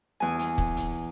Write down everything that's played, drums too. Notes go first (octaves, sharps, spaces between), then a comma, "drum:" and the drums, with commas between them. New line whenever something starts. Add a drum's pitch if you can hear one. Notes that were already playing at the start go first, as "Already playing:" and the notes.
E2 G#5
drum: hi-hat
drum: kick
drum: hi-hat